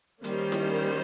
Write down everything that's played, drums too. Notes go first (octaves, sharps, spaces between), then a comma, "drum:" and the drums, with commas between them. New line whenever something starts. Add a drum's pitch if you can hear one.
D#3 G3 A#3 C#4 C5, drum: hi-hat
drum: snare E4